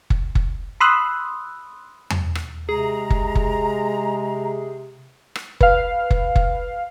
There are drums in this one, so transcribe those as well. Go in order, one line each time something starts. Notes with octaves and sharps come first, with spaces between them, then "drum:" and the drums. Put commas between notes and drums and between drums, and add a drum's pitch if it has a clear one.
drum: kick F#1
drum: kick F#1
B5 C6 D#6 E6 F#6
drum: tom E2
drum: rim click
C3 G#3 G#4 A#5
drum: kick F#1
drum: kick F#1
drum: rim click
B4 F5, drum: kick F#1
drum: kick F#1
drum: kick F#1